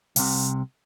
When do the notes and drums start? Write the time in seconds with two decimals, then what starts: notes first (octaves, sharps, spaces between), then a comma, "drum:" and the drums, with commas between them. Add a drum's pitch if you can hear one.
0.16 C2 C3, drum: open hi-hat